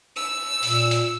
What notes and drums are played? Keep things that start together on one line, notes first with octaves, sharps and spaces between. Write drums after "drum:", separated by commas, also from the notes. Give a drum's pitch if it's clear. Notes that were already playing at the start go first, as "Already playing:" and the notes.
E6
A#2, drum: open hi-hat
drum: hi-hat